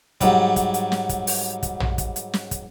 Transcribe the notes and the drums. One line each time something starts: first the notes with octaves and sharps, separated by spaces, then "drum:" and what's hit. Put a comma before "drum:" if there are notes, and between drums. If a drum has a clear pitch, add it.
G#2 F#3 G3, drum: kick, hi-hat
drum: kick, hi-hat
drum: hi-hat
drum: snare
drum: kick, hi-hat
drum: open hi-hat
drum: kick, hi-hat
drum: tom
drum: kick, hi-hat
drum: hi-hat
drum: snare
drum: kick, hi-hat